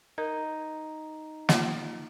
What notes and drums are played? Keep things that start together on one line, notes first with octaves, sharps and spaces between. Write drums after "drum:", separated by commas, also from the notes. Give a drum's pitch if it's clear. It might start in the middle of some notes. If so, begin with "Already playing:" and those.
D#4 A#4
A#3 F4, drum: snare